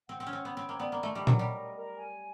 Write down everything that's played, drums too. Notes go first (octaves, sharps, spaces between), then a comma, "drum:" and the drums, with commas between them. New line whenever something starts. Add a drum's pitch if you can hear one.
C4 F#5
C4
C#4
C4 C#5
B3
C4 G5
A#3
B3 D5
A#3
A3 D#5
G3
F#3 A#4, drum: tom A#2
G3
D#5
A#4
G#5